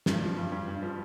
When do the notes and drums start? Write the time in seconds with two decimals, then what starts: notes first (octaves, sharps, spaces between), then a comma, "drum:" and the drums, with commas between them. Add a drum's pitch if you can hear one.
0.06 G2, drum: snare
0.22 F3
0.37 G2
0.52 G2
0.68 G2
0.83 F3